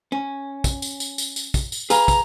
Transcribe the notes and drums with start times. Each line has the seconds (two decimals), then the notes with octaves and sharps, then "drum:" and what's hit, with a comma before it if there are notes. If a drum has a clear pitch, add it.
0.12 C#4
0.64 drum: kick, tambourine
0.82 drum: tambourine
1.00 drum: tambourine
1.18 drum: tambourine
1.36 drum: tambourine
1.54 drum: kick, tambourine
1.72 drum: tambourine
1.90 G#4 B4 F5 A#5, drum: tambourine
2.08 drum: kick, tambourine